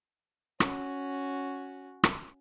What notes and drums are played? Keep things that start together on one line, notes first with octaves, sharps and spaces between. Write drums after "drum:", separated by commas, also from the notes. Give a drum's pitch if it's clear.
C#4 F#4, drum: rim click
drum: rim click